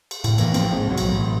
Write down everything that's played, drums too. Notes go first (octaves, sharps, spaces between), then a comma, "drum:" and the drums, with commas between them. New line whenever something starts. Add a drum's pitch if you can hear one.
drum: cymbal
A2, drum: cymbal
E3 A#3, drum: cymbal
A1 F3 C4, drum: cymbal
G#2
B1 F#3
drum: cymbal
A1